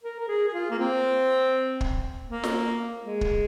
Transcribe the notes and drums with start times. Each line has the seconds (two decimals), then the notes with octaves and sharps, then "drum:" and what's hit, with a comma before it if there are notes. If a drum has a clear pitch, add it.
0.03 A#4
0.20 A#4
0.28 G#4
0.48 G#4
0.54 F4
0.70 A#3
0.79 C4
1.81 drum: kick
2.29 A#3
2.44 drum: snare
3.04 G#3
3.21 drum: kick